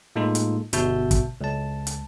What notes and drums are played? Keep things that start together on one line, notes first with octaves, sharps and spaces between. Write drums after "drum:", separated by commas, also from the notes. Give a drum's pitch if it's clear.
A2 G#3 A#3 D#4 F4 A4
drum: hi-hat
G1 B2 F#4 E5 A5 G6, drum: hi-hat
drum: kick, hi-hat
C#2 A5
drum: hi-hat